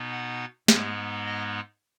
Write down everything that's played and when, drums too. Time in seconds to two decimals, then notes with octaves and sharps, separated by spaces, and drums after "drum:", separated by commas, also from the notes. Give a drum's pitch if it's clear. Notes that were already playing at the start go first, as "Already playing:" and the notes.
Already playing: B2 B3 D#4
0.11 F#5
0.68 G#2 G#3 B3 D#4, drum: snare
1.25 D#5